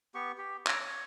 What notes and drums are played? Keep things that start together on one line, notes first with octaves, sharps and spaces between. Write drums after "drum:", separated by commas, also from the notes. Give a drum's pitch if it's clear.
B3 G4 C#6
G4
C#5 A#5 D6, drum: clap
C#5